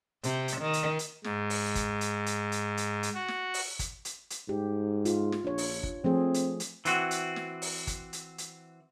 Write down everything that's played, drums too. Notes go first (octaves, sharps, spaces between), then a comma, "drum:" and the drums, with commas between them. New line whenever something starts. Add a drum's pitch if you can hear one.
C3, drum: hi-hat
drum: hi-hat
D#3
drum: hi-hat
drum: hi-hat
G#2, drum: snare
drum: open hi-hat
drum: kick G1, hi-hat
drum: hi-hat
drum: hi-hat
drum: hi-hat
drum: hi-hat
drum: hi-hat
F#4
drum: snare
drum: open hi-hat
drum: kick G1, hi-hat
drum: hi-hat
drum: hi-hat
G#2 G4
F4, drum: hi-hat
drum: snare
A#1 D4 C#5
drum: open hi-hat
drum: kick G1
F3 A3 C4 G#4
drum: hi-hat
drum: hi-hat
E3 C4 F#4, drum: hi-hat
drum: hi-hat
drum: snare
drum: open hi-hat
drum: kick G1, hi-hat
drum: hi-hat
drum: hi-hat